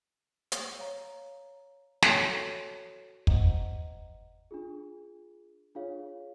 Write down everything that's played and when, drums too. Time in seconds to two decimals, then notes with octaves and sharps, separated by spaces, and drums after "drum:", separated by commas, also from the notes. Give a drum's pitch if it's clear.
0.52 drum: hi-hat
0.79 C#5 F5 A#5
2.02 F#4 A4 C#5, drum: snare
3.27 C5 D#5 F#5 A#5, drum: kick
4.51 D4 F4 G#4
5.75 D4 F4 G#4 C#5 F5